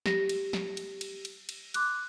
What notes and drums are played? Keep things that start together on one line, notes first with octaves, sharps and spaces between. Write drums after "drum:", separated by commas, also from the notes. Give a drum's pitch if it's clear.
G4 A#6, drum: snare
drum: cymbal
drum: snare
drum: cymbal
drum: cymbal
drum: cymbal
drum: cymbal
C6 D6 F#6, drum: cymbal